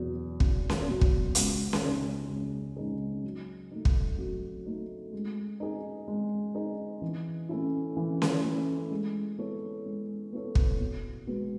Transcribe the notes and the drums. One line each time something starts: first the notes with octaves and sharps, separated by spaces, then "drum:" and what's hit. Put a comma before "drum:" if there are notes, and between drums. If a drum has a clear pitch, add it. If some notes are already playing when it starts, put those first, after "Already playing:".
Already playing: E2 B2 F#3
E2, drum: kick
drum: snare C#4
B2 F#3
drum: kick
C#2, drum: hi-hat
drum: snare C#4
C#3 G#3 D#4 G#4
C#2
C#3 G#3 D#4 G#4
F#3
A3 D#4
drum: kick
F#3
A3 D#4
G#3
D#4 G#4
G#3
D#4 G#4
E3
A3 C#4 E4
E3
drum: snare C#4
A3 C#4 E4
G#3
B3 E4 A4 C#5
G#3
B3 E4 A4 C#5
drum: kick
B2
G#3 B3 F#4